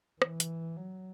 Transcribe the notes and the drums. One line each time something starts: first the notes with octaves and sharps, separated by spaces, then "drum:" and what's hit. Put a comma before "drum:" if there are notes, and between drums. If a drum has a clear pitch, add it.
E3, drum: rim click
drum: hi-hat
F#3